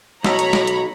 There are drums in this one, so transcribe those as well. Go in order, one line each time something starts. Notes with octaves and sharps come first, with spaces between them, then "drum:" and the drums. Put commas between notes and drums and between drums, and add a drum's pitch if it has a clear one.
B1 C#5 A#5 B5, drum: snare
drum: hi-hat
drum: snare
drum: hi-hat